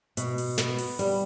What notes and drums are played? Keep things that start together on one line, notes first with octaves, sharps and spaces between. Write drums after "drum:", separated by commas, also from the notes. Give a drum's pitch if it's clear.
B2, drum: hi-hat
drum: open hi-hat
B3, drum: snare
drum: open hi-hat
G3, drum: open hi-hat